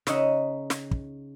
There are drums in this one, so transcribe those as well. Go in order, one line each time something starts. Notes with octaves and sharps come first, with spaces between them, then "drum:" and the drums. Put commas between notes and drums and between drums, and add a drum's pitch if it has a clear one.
C#3 D#4 D#5 E5 F#5, drum: snare
drum: snare
drum: kick